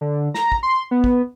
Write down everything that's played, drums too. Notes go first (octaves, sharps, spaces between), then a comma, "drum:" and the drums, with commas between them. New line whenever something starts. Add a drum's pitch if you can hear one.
D3
A#5, drum: snare
drum: kick
C6
B3
drum: kick